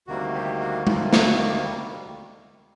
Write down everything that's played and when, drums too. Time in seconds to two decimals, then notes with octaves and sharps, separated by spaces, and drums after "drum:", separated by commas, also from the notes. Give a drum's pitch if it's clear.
0.07 D2 C3 D#3 G3 A#3 F#4
0.34 G4
0.60 F#4
0.87 D2 C3 D#3 G3 A#3 F4, drum: tom
1.13 F#4, drum: snare